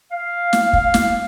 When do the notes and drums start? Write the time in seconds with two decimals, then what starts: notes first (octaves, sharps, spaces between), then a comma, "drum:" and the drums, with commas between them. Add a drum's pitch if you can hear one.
0.11 F5
0.53 drum: snare
0.73 drum: kick
0.94 drum: snare